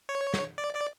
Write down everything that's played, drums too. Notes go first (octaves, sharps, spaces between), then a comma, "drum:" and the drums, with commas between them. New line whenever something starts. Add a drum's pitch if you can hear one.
C#5
drum: snare
D5
D5